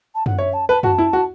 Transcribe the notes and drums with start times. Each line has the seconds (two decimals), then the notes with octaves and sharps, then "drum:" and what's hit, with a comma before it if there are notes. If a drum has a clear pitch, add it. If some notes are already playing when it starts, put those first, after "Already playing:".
0.14 A5
0.26 F#5, drum: tom F#2
0.38 C#5 E5
0.53 A5
0.69 B4 A5
0.83 F#4 A5, drum: tom F#2
0.98 E4
1.13 F#4